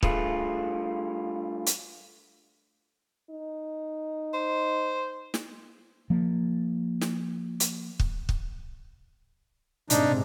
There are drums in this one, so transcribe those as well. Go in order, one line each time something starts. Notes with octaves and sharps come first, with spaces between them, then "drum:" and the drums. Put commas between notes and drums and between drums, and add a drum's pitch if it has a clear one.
G2 A3 F4 G#4 B4, drum: kick
drum: hi-hat
D#4
C5
drum: snare
F3 A#3
drum: snare
drum: hi-hat
drum: kick
drum: kick
G#2 C3 D4 D#4, drum: hi-hat